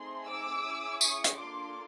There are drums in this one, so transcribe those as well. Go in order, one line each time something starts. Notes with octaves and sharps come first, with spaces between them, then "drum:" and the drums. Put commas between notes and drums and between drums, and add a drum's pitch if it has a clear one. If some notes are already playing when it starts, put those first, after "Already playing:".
Already playing: A3 C4 D#4 G#4 C6
D6 E6
C#4 E4 G#4
C#6 D#6, drum: tambourine
drum: hi-hat
A#3 D4 F4 A4 C6 D6